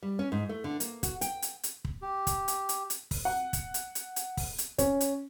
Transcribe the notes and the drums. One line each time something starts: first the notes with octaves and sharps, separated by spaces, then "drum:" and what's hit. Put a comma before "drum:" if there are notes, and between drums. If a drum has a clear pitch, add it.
G3
C#4
G#2
A3
D3
A#3, drum: hi-hat
F#4, drum: kick, hi-hat
G5, drum: hi-hat
drum: hi-hat
drum: hi-hat
drum: kick
G4
drum: kick, hi-hat
drum: hi-hat
drum: hi-hat
drum: hi-hat
drum: kick, open hi-hat
F#5
drum: kick, hi-hat
drum: hi-hat
drum: hi-hat
drum: hi-hat
drum: kick, open hi-hat
drum: hi-hat
C#4, drum: kick, hi-hat
drum: hi-hat